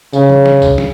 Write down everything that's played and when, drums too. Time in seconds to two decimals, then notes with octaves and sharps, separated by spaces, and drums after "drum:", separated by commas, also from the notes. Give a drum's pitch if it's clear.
0.13 C#3, drum: tambourine
0.29 drum: tom
0.46 drum: snare
0.62 drum: kick C2, tambourine
0.78 drum: snare